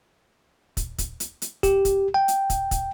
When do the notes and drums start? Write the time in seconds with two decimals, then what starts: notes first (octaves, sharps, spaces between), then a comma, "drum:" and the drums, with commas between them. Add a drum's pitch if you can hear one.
0.77 drum: kick, hi-hat
0.98 drum: kick, hi-hat
1.20 drum: hi-hat
1.42 drum: hi-hat
1.63 G4, drum: kick, hi-hat
1.85 drum: kick, hi-hat
2.14 G5
2.28 drum: hi-hat
2.50 drum: kick, hi-hat
2.71 drum: kick, hi-hat